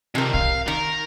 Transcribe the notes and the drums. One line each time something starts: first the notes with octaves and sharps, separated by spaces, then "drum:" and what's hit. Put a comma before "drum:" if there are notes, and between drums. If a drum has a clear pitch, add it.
C3 D#3 F3 A#4
F5, drum: kick
D#3 A#4